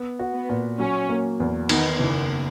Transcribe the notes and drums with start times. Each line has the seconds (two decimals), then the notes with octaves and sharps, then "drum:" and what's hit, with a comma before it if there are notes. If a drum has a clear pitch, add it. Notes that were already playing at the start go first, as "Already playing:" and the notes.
Already playing: B3
0.19 F#4
0.34 B3
0.49 A#2
0.80 F#3 C#4
1.09 A#3
1.40 E2
1.69 D#3 B3 D#4, drum: cymbal
1.99 F#1 E3